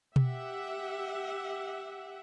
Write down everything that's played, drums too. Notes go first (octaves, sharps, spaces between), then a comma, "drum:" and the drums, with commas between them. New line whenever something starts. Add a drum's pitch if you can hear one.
G4 E5 F#5, drum: tom B2